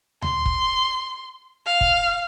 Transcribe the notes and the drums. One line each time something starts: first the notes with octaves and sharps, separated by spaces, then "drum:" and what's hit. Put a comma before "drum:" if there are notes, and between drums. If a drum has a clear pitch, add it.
C6, drum: tom D2
drum: kick
F5
drum: kick